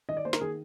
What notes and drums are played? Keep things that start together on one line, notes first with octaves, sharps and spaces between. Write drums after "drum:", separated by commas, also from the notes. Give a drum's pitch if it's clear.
D#3 D#5
D5
A#3 C5
A#4, drum: snare
D#3 G#4